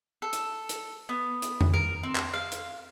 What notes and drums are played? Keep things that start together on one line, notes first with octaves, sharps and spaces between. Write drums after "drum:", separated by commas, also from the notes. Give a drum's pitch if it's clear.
A4
drum: hi-hat
drum: hi-hat
B3
drum: hi-hat
drum: tom F2
A#4
C4
drum: clap
F5
drum: hi-hat